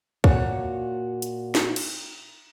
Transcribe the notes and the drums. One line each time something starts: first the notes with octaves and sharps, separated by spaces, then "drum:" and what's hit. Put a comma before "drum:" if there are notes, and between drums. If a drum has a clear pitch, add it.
A#2 F#4 C#5, drum: kick
drum: hi-hat
drum: snare
drum: cymbal